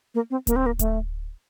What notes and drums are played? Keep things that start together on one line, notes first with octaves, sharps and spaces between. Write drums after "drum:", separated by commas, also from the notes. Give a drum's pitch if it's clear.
A#3
C4
A#3, drum: kick D1, hi-hat
C4
A#3
A3, drum: kick D1, hi-hat